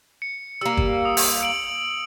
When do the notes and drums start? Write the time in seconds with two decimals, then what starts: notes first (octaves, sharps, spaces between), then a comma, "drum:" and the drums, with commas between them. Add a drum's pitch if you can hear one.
0.22 C#7
0.61 G3 A#3 E6
0.77 drum: kick
1.05 D#6
1.17 drum: open hi-hat
1.41 E6 D7 F#7